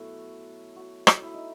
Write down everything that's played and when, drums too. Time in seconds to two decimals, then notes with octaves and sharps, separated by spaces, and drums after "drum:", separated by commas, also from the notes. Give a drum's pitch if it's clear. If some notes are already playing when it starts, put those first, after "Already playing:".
Already playing: B2 F#3 A3 E4 F#4
0.76 F#4
1.07 drum: rim click
1.22 E4
1.34 D#4